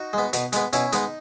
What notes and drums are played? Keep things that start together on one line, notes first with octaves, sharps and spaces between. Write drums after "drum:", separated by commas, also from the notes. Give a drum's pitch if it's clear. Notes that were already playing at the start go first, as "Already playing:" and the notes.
Already playing: D#4 F#4
G#3 B3
B2, drum: hi-hat
G#3 B3, drum: hi-hat
B2 C#4 E4, drum: hi-hat
G#3 B3 D#4, drum: hi-hat